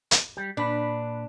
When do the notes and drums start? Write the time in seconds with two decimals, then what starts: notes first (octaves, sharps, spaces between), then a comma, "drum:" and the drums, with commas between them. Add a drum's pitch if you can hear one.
0.11 drum: hi-hat
0.37 G3 G4
0.57 A#2 D4 B4 B5